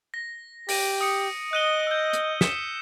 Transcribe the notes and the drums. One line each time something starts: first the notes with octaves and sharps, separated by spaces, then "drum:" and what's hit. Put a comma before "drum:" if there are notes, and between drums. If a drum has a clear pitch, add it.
A#6
G4 A#6 D7 D#7, drum: open hi-hat
D#6 C#7
D#5 F#6 D#7 G7
E6 G6
drum: hi-hat
B6 C#7 E7, drum: snare